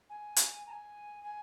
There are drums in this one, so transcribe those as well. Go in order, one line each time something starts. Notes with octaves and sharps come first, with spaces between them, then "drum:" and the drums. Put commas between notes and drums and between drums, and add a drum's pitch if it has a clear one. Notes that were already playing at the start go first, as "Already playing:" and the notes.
G#5
drum: hi-hat
A#5
G#5
G#5